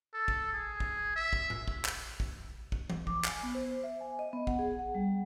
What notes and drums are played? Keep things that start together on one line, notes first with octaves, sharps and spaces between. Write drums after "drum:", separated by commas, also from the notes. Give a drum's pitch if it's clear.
A4
drum: kick
G#4
drum: kick
E5
drum: kick
drum: tom A2
drum: kick
drum: clap
drum: kick
drum: kick
drum: tom E3
D6, drum: kick
G#5, drum: clap
B3
C5
E5
G#5
D#5
B3
F#5, drum: kick
G#4
F#5
G3